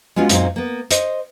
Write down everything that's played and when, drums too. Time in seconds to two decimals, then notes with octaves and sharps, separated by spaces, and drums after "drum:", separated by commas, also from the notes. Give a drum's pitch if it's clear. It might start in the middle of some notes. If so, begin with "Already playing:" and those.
0.16 G#3 B3 C#4 F4 F#4
0.29 F#2 A#2 F#3 C4 D#4 C5, drum: hi-hat
0.56 A#3 B3
0.91 C5 D#5, drum: hi-hat